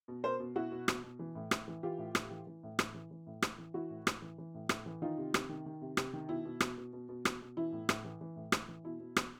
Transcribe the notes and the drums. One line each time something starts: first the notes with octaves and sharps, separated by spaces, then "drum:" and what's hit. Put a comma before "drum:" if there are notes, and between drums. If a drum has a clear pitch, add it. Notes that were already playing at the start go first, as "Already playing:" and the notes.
B2
B2 A#4 C5
B2
B2 E4 F#4
B2
B2, drum: rim click
B2
E3
A2
A2, drum: rim click
E3
E3 F4 G4
A2
A2, drum: rim click
E3
E3
A2
A2, drum: rim click
E3
E3
A2
A2, drum: rim click
E3
E3 E4 F#4
A2
A2, drum: rim click
E3
E3
A2
A2, drum: rim click
E3
D#3 D#4 F4
C3
C3, drum: rim click
D#3
D#3
C3
C3, drum: rim click
D#3
B2 E4
B2
B2, drum: rim click
B2
B2
B2
B2, drum: rim click
B2
E3 E4
A2
A2, drum: rim click
E3
E3
A2
A2, drum: rim click
E3
B2 E4
B2
B2, drum: rim click